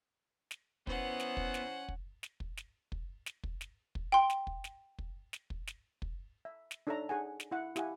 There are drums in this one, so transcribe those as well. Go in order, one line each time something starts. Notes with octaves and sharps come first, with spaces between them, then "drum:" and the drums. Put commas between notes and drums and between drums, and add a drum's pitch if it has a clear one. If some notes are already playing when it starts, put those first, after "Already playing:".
drum: snare
E3 B3 C#4 C5 F#5, drum: kick
drum: snare
drum: kick
drum: snare
drum: kick
drum: snare
drum: kick
drum: snare
drum: kick
drum: snare
drum: kick
drum: snare
drum: kick
G5 C6
drum: snare
drum: kick
drum: snare
drum: kick
drum: snare
drum: kick
drum: snare
drum: kick
E5
drum: snare
D4 D#4 A4 C#5 E5 A#5
D#4 G#4 F#5 G#5
drum: snare
E4 F#5
E4 G4 F5 F#5 G#5, drum: snare